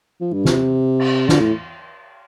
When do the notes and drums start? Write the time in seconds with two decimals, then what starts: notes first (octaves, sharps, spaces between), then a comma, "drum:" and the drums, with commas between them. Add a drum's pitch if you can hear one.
0.21 F3
0.33 G2
0.45 C3, drum: snare
0.99 drum: cymbal
1.29 D3, drum: snare
1.40 A2